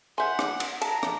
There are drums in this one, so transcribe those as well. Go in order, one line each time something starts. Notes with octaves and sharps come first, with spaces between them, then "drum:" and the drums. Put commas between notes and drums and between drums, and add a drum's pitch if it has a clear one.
C5 E5 F#5 G#5 C6 G6
drum: rim click
drum: cymbal
A5 A#5, drum: cymbal
drum: rim click